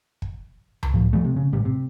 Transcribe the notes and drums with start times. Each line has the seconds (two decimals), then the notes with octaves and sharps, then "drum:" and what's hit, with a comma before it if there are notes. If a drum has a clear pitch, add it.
0.22 drum: kick
0.83 drum: tom C#2
0.94 A2 F3
1.13 F3 G3 A3
1.25 C3
1.37 C#3
1.52 G#1 A2 G3
1.65 C3